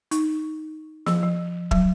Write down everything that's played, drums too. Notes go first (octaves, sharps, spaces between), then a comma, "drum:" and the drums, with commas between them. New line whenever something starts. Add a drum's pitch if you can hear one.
D#4, drum: hi-hat
F3, drum: snare
F3
F#3, drum: kick